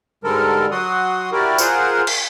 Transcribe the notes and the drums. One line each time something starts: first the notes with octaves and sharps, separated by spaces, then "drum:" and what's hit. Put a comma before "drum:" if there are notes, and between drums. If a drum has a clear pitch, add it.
G#2 D3 G3 G#3 A4 A#4
F#3 F#4 F#5 C6 D#6
E4 F#4 G4 A#4 D5
F4 G#4 A#4 C5 F#5, drum: tambourine
drum: cymbal